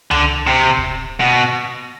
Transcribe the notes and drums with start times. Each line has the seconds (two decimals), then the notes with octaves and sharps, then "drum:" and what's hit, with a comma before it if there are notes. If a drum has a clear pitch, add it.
0.11 D3, drum: tom C#2
0.47 C3
0.77 drum: kick D1
1.20 B2